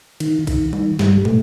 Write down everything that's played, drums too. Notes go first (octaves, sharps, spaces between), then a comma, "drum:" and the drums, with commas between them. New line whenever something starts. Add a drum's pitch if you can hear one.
D#3, drum: cymbal
D#3, drum: kick, cymbal
D#3, drum: tom G3
G2 G3, drum: snare
A2 A3, drum: tom